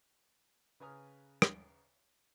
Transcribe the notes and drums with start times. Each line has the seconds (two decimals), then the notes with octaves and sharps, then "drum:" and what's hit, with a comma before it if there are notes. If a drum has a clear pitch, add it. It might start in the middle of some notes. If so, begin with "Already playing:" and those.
0.80 C#3 B4 G#5 A#5 D#6 F6
1.42 drum: rim click